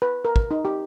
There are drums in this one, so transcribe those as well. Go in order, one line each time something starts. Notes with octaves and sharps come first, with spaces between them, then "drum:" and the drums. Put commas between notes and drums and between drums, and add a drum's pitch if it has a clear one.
B4
A#4
drum: kick
D#4
G4